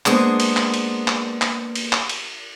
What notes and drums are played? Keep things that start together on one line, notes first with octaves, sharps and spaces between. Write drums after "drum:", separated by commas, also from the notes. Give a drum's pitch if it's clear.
G#3 A#3 B3 D4 G#4 C5, drum: clap
drum: cymbal
drum: clap
drum: cymbal
drum: clap
drum: clap
drum: cymbal
drum: clap
drum: cymbal